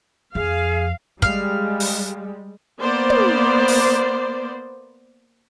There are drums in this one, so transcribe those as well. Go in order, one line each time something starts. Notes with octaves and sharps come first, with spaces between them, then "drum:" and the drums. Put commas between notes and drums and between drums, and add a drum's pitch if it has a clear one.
F2 G#4 F5
G3 G#3 F5, drum: kick
drum: open hi-hat
A#3 B3 C5 D5
drum: tom
drum: open hi-hat